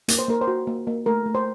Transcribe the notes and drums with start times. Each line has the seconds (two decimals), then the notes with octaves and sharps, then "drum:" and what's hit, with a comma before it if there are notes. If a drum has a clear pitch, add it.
0.08 A#3, drum: hi-hat
0.19 C5
0.28 A#3 A#4
0.41 C5
0.48 F#4
0.67 A#3
0.87 A#3
1.06 A3 A#4
1.26 A3
1.35 C5